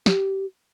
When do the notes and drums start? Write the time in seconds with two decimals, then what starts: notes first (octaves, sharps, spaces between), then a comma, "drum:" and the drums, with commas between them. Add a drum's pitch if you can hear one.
0.06 G4, drum: snare